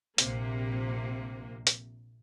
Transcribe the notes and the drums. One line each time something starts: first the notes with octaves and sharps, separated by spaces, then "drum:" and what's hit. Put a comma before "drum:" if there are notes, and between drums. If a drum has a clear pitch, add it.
A#1 C3 A#3, drum: hi-hat
drum: hi-hat